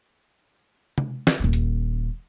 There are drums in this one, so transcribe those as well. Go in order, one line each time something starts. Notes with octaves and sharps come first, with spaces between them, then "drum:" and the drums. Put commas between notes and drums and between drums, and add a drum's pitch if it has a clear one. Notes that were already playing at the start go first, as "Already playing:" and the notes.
drum: tom C3
drum: snare
D#1 C#4
drum: hi-hat